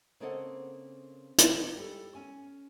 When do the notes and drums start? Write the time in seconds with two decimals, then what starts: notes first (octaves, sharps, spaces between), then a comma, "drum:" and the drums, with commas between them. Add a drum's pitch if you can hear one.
0.20 C#3 A#3 C4 A4 D#5 F#5
1.38 drum: hi-hat
1.77 G3 A4
2.15 C#4 G#5